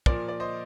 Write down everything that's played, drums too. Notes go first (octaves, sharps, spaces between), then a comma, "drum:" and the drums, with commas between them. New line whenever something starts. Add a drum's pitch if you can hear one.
A#2 F3 A#4 D5, drum: kick
D5
C5 D#5